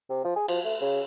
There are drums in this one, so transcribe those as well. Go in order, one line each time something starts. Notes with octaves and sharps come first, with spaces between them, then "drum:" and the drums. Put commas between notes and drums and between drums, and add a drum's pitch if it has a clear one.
C3
F3
G#4
F3, drum: cymbal
A3
C#3